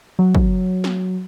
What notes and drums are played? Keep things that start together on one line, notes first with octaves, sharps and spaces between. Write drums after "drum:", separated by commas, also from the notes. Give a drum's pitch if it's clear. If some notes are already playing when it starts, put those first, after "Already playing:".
F#3
drum: kick
drum: snare